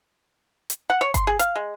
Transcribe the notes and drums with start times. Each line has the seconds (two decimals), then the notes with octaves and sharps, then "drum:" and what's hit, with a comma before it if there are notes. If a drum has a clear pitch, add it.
0.70 drum: hi-hat
0.90 F#5
1.01 C#5
1.14 C6, drum: kick G1, hi-hat
1.27 G#4
1.39 F5, drum: hi-hat
1.56 G#3